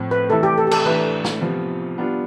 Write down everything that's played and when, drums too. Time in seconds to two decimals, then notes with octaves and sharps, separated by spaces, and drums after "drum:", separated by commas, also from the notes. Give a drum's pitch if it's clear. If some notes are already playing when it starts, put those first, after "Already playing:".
Already playing: A2 F3 C4
0.11 B4
0.29 C3 E3 A3 E4 A4
0.43 G4
0.58 A4
0.67 G4
0.71 A4, drum: cymbal
0.86 E3 A3 D4 B4
1.24 drum: snare
1.41 C3 F3 B3 F4
1.97 G3 B3 D4 F4